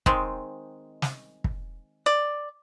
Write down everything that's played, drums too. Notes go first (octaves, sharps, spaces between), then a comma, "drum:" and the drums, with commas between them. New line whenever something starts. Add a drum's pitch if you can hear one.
D#3 G#3 C4, drum: kick
drum: snare
drum: kick
D5